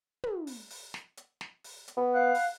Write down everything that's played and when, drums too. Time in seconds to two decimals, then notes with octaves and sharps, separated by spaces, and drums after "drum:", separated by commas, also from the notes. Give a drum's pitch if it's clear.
0.23 drum: tom
0.47 drum: open hi-hat
0.70 drum: open hi-hat
0.94 drum: snare
1.17 drum: hi-hat
1.41 drum: snare
1.64 drum: open hi-hat
1.88 drum: hi-hat
1.97 B3
2.11 F5 F#5 F#6
2.35 drum: open hi-hat